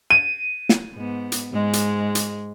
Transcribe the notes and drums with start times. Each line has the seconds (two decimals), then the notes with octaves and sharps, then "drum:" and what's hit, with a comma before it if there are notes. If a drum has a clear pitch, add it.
0.10 D#7
0.69 drum: snare
0.94 G#2 B3
1.32 drum: hi-hat
1.53 G#2 G#3
1.73 drum: hi-hat
2.15 drum: hi-hat